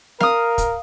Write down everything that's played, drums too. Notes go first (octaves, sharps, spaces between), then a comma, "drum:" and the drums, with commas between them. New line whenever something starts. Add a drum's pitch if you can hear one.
A#4 F5 D#6, drum: snare
drum: kick, hi-hat